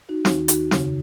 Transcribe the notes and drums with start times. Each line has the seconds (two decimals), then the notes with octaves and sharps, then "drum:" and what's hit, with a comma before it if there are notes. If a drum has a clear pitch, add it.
0.09 D#4 F#4
0.25 D#2 D#3 D#4 F#4, drum: snare
0.48 D#4 F#4, drum: hi-hat
0.71 F2 C#3, drum: snare